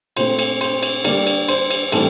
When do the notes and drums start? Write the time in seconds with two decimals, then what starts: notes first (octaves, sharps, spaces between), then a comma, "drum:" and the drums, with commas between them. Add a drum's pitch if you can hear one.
0.17 A#2 A3 C4 C5, drum: cymbal
0.39 drum: cymbal
0.61 C5, drum: cymbal
0.83 drum: cymbal
1.04 D3 G3 A#3 D5, drum: cymbal
1.26 drum: cymbal
1.48 C5, drum: cymbal
1.70 drum: cymbal
1.92 A2 E3 G3 C4 A4, drum: cymbal